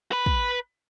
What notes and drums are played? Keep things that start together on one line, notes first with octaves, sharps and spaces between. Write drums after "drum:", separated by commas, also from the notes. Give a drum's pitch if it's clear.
B4 B5
drum: kick